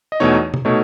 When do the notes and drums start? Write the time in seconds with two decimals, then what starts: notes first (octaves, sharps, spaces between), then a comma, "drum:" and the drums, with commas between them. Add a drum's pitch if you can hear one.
0.12 D#5
0.20 E2 B2 A3 D#4 C#5
0.54 drum: tom C3
0.65 B2 A3 D#4 C#5